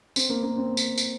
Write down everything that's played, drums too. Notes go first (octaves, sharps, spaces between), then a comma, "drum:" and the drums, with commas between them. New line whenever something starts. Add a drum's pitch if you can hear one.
C4, drum: tambourine
A#3
A#3
C4
drum: tambourine
drum: tambourine